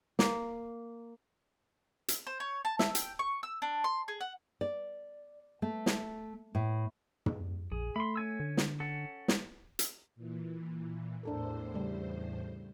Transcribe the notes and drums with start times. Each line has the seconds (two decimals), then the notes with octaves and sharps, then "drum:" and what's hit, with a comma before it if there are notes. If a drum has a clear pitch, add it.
0.19 A#3, drum: snare
2.08 drum: hi-hat
2.27 C5
2.40 C#5
2.65 A5
2.79 E5, drum: snare
2.95 G5, drum: hi-hat
3.19 C#6
3.43 E6
3.62 D4
3.84 C6
4.08 G#4
4.21 F#5
4.61 D5
5.62 A3
5.86 drum: snare
6.55 A2
7.26 drum: tom
7.72 A#1 G#4
7.96 A3 B5 C6
8.16 C#4 G#5 E6
8.40 D3
8.57 drum: snare
8.80 C#4 A4 F#5
9.28 drum: snare
9.79 drum: hi-hat
10.15 A#2 E3
11.23 E2 A2 D4 A4 A#4 C5
11.74 C#3 G3 A3